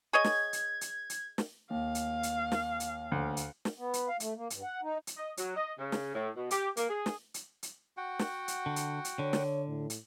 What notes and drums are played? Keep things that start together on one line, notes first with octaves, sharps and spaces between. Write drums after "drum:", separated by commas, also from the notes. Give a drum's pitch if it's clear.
G#4 C#5 D#5 G#6
drum: snare
drum: hi-hat
drum: hi-hat
drum: hi-hat
drum: snare
D#2 F5
drum: hi-hat
drum: hi-hat
drum: snare
drum: hi-hat
D2
drum: hi-hat
drum: snare
B3
drum: hi-hat
F5
A3, drum: hi-hat
A#3
G2, drum: hi-hat
F#5
D#4
drum: hi-hat
D#5
F#3, drum: hi-hat
D#5
C#3
drum: snare
A2
B2
G4, drum: hi-hat
A#3, drum: hi-hat
G#4
drum: snare
drum: hi-hat
drum: hi-hat
F#4 F#5 G5
drum: snare
drum: hi-hat
D3
drum: hi-hat
drum: hi-hat
D3 C#5
drum: snare
A2
drum: hi-hat